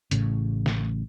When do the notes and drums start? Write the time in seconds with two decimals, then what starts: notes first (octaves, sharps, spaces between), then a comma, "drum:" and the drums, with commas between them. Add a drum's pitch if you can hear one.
0.11 A1 A2 C#3, drum: hi-hat
0.66 drum: snare